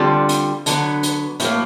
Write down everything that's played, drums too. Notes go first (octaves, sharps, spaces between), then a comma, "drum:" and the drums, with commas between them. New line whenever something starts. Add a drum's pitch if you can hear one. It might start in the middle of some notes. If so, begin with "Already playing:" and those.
Already playing: D3 G3 C4 F4
drum: hi-hat
D3 F#3 B3, drum: hi-hat
drum: hi-hat
A2 F#3 A#3, drum: hi-hat